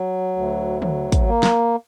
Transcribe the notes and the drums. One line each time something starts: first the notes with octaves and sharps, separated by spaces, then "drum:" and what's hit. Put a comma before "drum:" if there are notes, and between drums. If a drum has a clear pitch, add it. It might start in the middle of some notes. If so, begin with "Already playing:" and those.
Already playing: F#3
D2
F#3, drum: tom
drum: kick, hi-hat
A#3
drum: snare